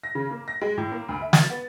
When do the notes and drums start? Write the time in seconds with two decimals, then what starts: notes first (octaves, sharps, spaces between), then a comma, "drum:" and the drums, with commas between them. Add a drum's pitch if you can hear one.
0.04 A#6
0.15 C#3
0.31 A#3
0.48 A#6
0.62 G#3
0.78 A2
0.92 A#3
1.09 D2
1.21 E5
1.33 A6, drum: snare
1.50 B3